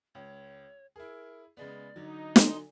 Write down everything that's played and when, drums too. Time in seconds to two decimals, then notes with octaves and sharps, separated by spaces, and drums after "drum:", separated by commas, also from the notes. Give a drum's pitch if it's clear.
0.15 C#2 C#5
0.96 E4 G#4 A#4
1.57 C#3 G#3 B3 D5
1.96 D3 F#3 D#4
2.36 C6, drum: snare